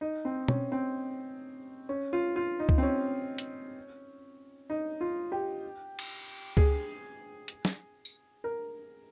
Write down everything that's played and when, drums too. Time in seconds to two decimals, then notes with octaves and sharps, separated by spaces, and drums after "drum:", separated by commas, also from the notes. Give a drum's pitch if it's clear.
0.01 D#4
0.25 C4
0.48 C#4, drum: tom
0.72 C4
1.89 C#4
2.13 F4
2.36 F4
2.60 D#4
2.69 drum: kick C#2
2.78 C4
2.83 C#4
3.38 drum: hi-hat
4.70 D#4
5.01 F4
5.32 G4
5.99 drum: cymbal
6.57 G#4, drum: kick C#2
7.48 drum: hi-hat
7.65 drum: snare
8.05 drum: tambourine
8.44 A#4